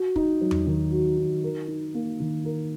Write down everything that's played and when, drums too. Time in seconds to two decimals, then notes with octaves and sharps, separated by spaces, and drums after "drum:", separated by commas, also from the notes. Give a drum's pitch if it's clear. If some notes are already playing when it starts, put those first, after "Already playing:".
Already playing: F#4
0.16 D#4, drum: kick
0.41 F#3
0.51 drum: tom E2
0.66 D#3
0.91 F#4
1.18 D#4
1.43 A#4
1.68 D#4
1.94 A#3
2.20 D#3
2.45 A#4